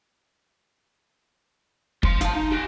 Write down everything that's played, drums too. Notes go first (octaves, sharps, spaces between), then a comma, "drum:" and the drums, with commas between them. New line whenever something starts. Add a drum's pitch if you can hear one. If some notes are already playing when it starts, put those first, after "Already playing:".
F3 C6, drum: kick
F5 A5, drum: snare
D#4
G4 F#5